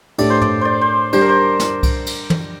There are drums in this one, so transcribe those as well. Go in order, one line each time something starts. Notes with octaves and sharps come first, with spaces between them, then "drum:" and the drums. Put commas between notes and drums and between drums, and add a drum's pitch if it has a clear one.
A2 A3 D4 G4 D5, drum: cymbal
C5
D5, drum: tom
C5 D5
C5
G3 D4 G4 C5, drum: cymbal
A#4
C5
drum: snare
drum: kick C2, cymbal
drum: cymbal
drum: tom